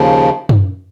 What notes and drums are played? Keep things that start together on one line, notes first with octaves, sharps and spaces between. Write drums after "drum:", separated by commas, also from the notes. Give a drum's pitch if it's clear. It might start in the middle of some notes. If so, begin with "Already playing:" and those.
Already playing: D#2 C#3 F3
drum: tom F#2